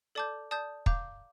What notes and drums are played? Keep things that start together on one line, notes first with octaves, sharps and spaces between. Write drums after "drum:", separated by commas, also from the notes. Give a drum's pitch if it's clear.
A4 D5 A5 D6 G6
D5 A5 D#6 G6
F5 A#5 D6 G6, drum: kick